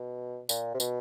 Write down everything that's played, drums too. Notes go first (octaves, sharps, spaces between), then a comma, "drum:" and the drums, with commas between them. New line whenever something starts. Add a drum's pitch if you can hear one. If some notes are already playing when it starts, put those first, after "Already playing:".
Already playing: B2
A#2, drum: tambourine
C3
B2, drum: tambourine